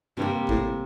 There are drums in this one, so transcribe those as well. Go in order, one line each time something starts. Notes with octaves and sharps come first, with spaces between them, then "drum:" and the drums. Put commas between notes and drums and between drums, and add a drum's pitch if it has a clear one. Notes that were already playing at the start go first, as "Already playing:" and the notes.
G2 C3 G3 A#3
A2, drum: kick G#1